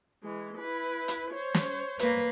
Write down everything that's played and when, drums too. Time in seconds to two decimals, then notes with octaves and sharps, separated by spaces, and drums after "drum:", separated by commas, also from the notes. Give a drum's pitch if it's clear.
0.23 E3 G#3
0.58 E4 B4
1.08 drum: hi-hat
1.31 C5 C#5
1.54 drum: snare
1.99 A#3 B4, drum: hi-hat